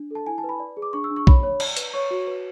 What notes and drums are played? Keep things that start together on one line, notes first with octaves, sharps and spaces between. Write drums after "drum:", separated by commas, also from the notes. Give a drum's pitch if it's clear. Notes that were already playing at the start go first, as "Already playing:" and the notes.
Already playing: D4
A4 A5
E4 G#5
A5
B4
B5
D5
G#4
D6
D4 C#6
E6
D4
C#6
C#5 B5, drum: kick A#1
C#5
D5, drum: cymbal
B4, drum: hi-hat
C#5 C#6
F#4
B4